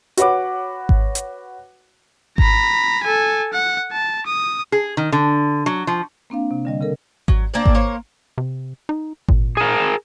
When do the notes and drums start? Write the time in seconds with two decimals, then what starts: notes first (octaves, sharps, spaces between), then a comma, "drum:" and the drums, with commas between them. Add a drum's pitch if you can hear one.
0.17 F#4 B4 C#5 F#5 D6, drum: hi-hat
0.89 drum: kick G#1
1.15 drum: hi-hat
2.38 A#5 B5, drum: kick G#1
3.03 A4 G#5
3.53 F#5
3.92 A5
4.26 D#6
4.72 G#4
4.97 D#3
5.12 D3
5.66 F#3
5.87 F3
6.30 A#3 C4 D4 F5
6.51 C3
6.65 D3 G3 D#5
6.81 C#3 A4 A#4
7.28 F#3, drum: kick G#1
7.54 A#3 C4 D4 D5
7.66 drum: kick G#1
7.75 A#3 C5 C#5
8.38 C3
8.89 D#4
9.29 A#2, drum: kick G#1
9.57 G#4 A#4